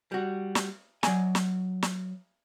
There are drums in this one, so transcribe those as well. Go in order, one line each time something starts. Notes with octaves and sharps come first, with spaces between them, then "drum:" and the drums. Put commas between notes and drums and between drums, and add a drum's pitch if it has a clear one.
G3 F#4
drum: snare
F#3 D5 D#5 G#5, drum: snare
drum: snare
drum: snare